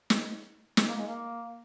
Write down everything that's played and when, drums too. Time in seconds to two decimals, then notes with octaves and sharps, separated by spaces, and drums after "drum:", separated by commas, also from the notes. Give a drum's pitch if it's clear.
0.10 drum: snare
0.77 drum: snare
0.89 A#3
0.98 G#3
1.07 A#3